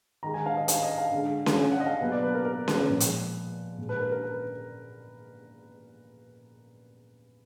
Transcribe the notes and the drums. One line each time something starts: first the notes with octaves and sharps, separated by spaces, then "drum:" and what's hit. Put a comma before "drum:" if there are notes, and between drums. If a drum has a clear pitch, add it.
D#3 G#3 A#5
G#5
F5
D#5
F5, drum: hi-hat
D#5
F5
D3 G#3
drum: snare C#4
G#5
F#5
D#5
F5
B2 F#3 A#3 B4
D5
B4
A#4
A#4
B4, drum: snare C#4
A#2 F3 G#3
drum: hi-hat
A#2 G#3
B4
A#4
A#4
B4